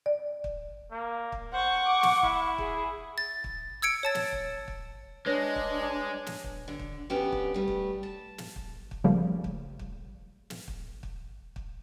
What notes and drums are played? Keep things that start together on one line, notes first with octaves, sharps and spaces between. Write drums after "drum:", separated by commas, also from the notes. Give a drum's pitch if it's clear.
D5
drum: kick
A#3
drum: kick
C5 F#5 C#6
D6
drum: snare
E4, drum: kick
G#4, drum: kick
A6
drum: kick
E6 G#6 C#7 D7
C#5 A5 A6
drum: snare
drum: kick
drum: kick
G#3 D4 B4 C#5 A#6
drum: kick
drum: snare
drum: kick
D3
drum: kick
F2 B3 C#4 D4 G4
drum: kick
G3 A3
drum: kick
A5
drum: snare
drum: kick
drum: kick
C#3 F3 G3 A3 A#3
drum: kick
drum: kick
drum: snare
drum: kick
drum: kick
drum: kick